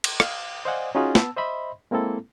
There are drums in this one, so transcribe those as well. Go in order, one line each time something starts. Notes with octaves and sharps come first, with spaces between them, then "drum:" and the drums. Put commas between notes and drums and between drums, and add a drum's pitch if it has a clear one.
drum: cymbal
F5, drum: rim click
C5 D5 D#5 F5 F#5 G#5
C#4 D#4 F4 F#4 G#4
B3 A5 E6, drum: snare
C5 D#5 E5 B5 C6
G#3 A#3 C4 E4 A4